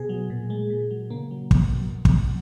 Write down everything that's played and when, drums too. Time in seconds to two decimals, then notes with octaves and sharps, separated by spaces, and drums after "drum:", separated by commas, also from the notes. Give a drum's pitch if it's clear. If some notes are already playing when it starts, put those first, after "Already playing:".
Already playing: B2 G#4
0.09 F#3
0.30 A#2
0.50 G#3
0.70 A#2
0.91 F#3
1.10 C#3 A#3
1.31 F#3
1.51 B2, drum: kick
1.71 F#3
2.05 drum: kick